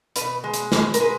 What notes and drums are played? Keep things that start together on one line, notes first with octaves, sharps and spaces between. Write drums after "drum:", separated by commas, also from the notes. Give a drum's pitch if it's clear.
B2 B4, drum: hi-hat
G#3
drum: hi-hat
B2 C5, drum: snare
A#4, drum: hi-hat
G#3 B4